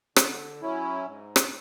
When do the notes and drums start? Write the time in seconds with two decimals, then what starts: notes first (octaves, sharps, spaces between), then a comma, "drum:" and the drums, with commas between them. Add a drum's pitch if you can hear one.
0.16 D3, drum: rim click
0.62 F#3 C#4 E4
1.06 G#2
1.36 drum: rim click